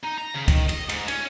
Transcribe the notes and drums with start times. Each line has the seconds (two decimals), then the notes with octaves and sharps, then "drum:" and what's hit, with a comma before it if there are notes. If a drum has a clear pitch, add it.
0.03 D#4
0.18 A#5
0.34 C#3
0.48 D#3, drum: kick, cymbal
0.69 D#5, drum: cymbal
0.89 G#2, drum: cymbal
1.08 C#4, drum: cymbal